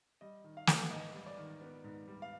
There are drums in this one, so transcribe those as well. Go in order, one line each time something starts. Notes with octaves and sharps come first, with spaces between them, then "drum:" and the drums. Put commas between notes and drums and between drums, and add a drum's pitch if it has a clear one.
G3 D#5
D#3
F5
B3, drum: snare
G#2 D#5
G3
D5
D#3
B3
G#2
G3
F5